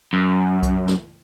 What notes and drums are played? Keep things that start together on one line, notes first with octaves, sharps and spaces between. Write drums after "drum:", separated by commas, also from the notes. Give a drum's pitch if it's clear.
F#2
drum: kick B1, hi-hat
drum: snare